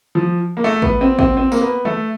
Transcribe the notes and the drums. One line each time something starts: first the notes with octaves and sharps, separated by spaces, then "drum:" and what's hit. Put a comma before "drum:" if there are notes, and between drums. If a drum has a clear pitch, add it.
F3
A#3
A3
B3, drum: kick
C4
C4, drum: kick
C4
A#3, drum: tambourine
B3
A3, drum: tom D3